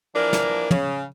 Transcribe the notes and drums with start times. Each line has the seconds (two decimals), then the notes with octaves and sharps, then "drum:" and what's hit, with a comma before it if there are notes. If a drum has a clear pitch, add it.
0.15 E3 F3 A#3 D4 A#4
0.33 drum: snare
0.71 C#3, drum: tom